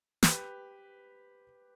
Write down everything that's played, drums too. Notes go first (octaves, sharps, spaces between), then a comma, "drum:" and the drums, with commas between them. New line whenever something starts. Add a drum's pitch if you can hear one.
C5, drum: snare
G4 B4